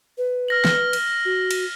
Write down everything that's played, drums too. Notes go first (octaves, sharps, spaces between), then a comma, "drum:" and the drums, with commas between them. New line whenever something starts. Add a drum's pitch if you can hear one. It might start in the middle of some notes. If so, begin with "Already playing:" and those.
B4
F6 A#6 F#7
F6 G7, drum: snare
drum: cymbal
F#4
drum: cymbal